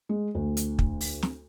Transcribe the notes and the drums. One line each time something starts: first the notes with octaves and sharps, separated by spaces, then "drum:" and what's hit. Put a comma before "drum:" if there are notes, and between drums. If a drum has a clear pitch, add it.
G#3
D2
drum: hi-hat
drum: kick
drum: open hi-hat
drum: snare